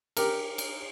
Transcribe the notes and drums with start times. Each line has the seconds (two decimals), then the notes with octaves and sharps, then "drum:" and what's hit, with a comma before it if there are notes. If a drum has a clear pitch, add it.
0.17 G4 A#4, drum: cymbal
0.58 drum: cymbal